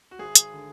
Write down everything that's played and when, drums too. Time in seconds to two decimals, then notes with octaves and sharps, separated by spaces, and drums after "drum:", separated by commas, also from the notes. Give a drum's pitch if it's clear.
0.11 F#4
0.19 G#1 G#4
0.35 drum: hi-hat
0.53 D3